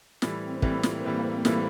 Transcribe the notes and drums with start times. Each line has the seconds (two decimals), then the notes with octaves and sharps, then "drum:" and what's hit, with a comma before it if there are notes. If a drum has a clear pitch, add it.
0.22 A2 E3 G3 C4, drum: snare
0.62 A2 E3 G3 A#3, drum: kick
0.83 drum: snare
1.04 A2 E3 G3
1.45 A2 E3 G3, drum: snare